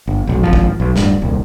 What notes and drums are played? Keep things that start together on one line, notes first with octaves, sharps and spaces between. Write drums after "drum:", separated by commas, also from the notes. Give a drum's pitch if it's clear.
G1
F1 B1
G#1 C#2 F3
drum: kick
B1
D1 G2, drum: snare
D#1 C2